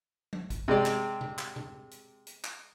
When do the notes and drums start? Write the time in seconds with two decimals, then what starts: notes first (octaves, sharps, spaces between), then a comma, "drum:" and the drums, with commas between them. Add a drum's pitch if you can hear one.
0.33 drum: tom F3
0.50 drum: kick A1, hi-hat
0.68 C3 G#3 D5
0.86 drum: clap
1.21 drum: tom B2
1.38 drum: clap
1.56 drum: tom B2
1.91 drum: hi-hat
2.27 drum: hi-hat
2.44 drum: clap